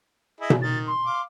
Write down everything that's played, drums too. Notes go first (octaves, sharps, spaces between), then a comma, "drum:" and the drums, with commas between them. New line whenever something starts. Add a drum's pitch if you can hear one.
E4 G#4 D#5
drum: tom B2
D#3 A6
C6
F5 D6